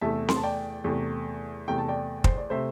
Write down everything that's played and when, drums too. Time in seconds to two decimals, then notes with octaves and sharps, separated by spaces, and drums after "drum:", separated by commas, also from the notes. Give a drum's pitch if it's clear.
0.01 E2 C3 A3 E5 A5
0.29 C6, drum: snare C4
0.36 A5
0.43 D5 G5
0.84 E2 C3 A3
1.68 E2 C3 A3 G5
1.78 A5
1.88 D5 G5
2.24 C5, drum: kick
2.37 D5
2.50 C3 A3 C5 E5